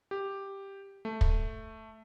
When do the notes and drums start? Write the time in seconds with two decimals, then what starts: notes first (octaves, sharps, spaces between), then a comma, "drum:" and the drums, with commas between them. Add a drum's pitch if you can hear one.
0.11 G4
1.05 A3
1.21 drum: kick